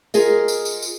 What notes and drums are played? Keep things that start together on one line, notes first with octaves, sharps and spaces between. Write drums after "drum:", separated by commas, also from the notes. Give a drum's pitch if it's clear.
F4 G#4 A#4 D#5, drum: tambourine
drum: tambourine
drum: tambourine
drum: tambourine